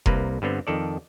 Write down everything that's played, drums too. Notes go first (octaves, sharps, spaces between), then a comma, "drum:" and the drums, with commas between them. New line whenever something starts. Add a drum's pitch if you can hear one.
C2 C3 A#3 B4, drum: kick F1
G2 D3 B3 C4
F2 D#3 A4 D5